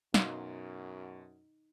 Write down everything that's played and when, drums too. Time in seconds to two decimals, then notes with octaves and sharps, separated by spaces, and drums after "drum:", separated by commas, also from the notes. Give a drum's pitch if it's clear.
0.14 F#2 B2 D#4 F5 C6, drum: snare